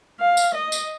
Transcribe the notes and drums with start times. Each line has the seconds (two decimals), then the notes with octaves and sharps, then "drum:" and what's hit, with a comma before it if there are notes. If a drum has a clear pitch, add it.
0.20 F5
0.37 drum: tambourine
0.55 D#5
0.72 drum: tambourine